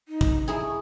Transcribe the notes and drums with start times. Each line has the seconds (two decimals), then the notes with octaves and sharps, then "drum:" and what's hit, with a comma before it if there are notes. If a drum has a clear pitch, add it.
0.08 D#4
0.21 drum: kick
0.48 E4 G#4 A#5
0.62 C#6